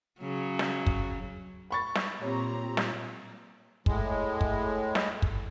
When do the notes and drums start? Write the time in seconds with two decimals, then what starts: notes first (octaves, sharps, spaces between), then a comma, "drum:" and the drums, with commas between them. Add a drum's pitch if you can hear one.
0.20 C#3 F#3
0.59 drum: snare
0.86 drum: kick
1.71 B5 C#6 A6
1.95 drum: snare
2.22 A#2 C4 G4 C#5 A#5
2.77 drum: snare
3.86 A2 G#3, drum: kick
4.41 drum: kick
4.95 drum: snare
5.22 drum: kick